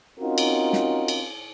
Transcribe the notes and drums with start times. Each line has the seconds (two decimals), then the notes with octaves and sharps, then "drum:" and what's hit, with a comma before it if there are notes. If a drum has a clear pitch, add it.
0.20 C4 C#4 D#4 F4 F#4 A#4
0.38 drum: cymbal
0.73 drum: snare
1.08 drum: cymbal